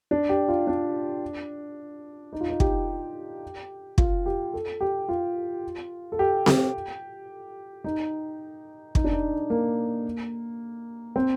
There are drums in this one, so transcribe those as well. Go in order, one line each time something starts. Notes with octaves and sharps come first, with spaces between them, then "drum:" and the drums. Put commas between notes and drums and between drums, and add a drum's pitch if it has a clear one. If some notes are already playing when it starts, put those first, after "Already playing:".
D4
G4
F4
D4
D#4
F4
D#4
G4, drum: kick
F4, drum: kick
G4
A4
G4
F4
A4
G4
G4, drum: snare C4
D#4
D#4, drum: kick
D4
D#4
A#3
C4